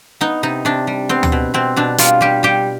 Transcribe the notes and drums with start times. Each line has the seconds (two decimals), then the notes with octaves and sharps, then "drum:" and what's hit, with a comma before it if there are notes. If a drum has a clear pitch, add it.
0.21 B3 D#4
0.43 C3 D#4
0.65 C3 D4
0.87 G3
1.09 B3 C4
1.23 drum: tom D2
1.32 B2
1.54 B2 C4
1.76 B2 D4
1.98 G3 F4, drum: hi-hat
2.21 G3 G4
2.43 G3 G4